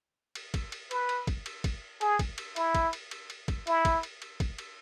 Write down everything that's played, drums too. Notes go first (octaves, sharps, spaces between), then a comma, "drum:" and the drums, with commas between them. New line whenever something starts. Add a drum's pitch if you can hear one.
drum: cymbal
drum: kick, cymbal
drum: cymbal
B4, drum: cymbal
drum: cymbal
drum: kick, cymbal
drum: cymbal
drum: kick, cymbal
G#4, drum: cymbal
drum: kick, cymbal
drum: cymbal
E4, drum: cymbal
drum: kick, cymbal
drum: cymbal
drum: cymbal
drum: cymbal
drum: kick, cymbal
E4, drum: cymbal
drum: kick, cymbal
drum: cymbal
drum: cymbal
drum: kick, cymbal
drum: cymbal